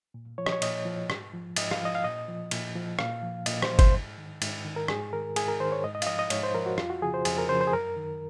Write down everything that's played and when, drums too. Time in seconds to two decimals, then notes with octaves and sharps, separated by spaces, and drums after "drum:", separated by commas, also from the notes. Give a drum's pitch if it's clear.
0.14 A#2
0.38 F3 C#5
0.46 D#5, drum: rim click
0.52 C#5
0.62 A#2 D#5, drum: cymbal
0.85 F3
1.10 G#2, drum: rim click
1.34 F3
1.56 G#2 D#5, drum: cymbal
1.71 F5, drum: rim click
1.81 F3 D#5
1.95 F5
2.04 A#2 D#5
2.28 F3
2.51 A#2, drum: cymbal
2.75 F3
2.99 A#2 F5, drum: rim click
3.23 F3
3.46 A#2 D#5, drum: cymbal
3.62 C5, drum: rim click
3.71 F3
3.79 C5, drum: kick, cymbal
3.93 G#2
4.18 D#3
4.42 G#2, drum: cymbal
4.64 D#3
4.76 A#4
4.88 G#2 G#4, drum: rim click
5.13 D#3 A#4
5.36 G#2 G#4, drum: cymbal
5.48 A#4
5.60 D#3 C5
5.72 C#5
5.84 G#2 D#5
5.95 D#5
6.02 F5, drum: cymbal
6.07 F3 D#5
6.19 D#5
6.30 G#2 C#5, drum: cymbal
6.43 C5
6.54 F3 A#4
6.66 F#4
6.78 F2 F4, drum: rim click
6.90 F#4
7.02 C#3 F3 G#4
7.14 C5
7.25 F2 G#4, drum: cymbal
7.38 A#4
7.49 C#3 F3 C5
7.61 C5
7.67 G#4
7.73 F#2 A#4
7.96 D#3